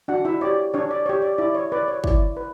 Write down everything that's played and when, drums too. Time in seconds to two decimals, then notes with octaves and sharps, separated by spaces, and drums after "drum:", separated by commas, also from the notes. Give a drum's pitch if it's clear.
0.08 D4 F#4 F#5
0.25 E4 E5
0.41 G4 C#5 D5
0.74 D4 C#5
0.91 D5
1.06 G4 C#5
1.22 D5
1.38 E4 D5
1.55 C#5
1.72 B4 D5
1.88 C#5
2.04 E4 D5, drum: kick
2.37 B4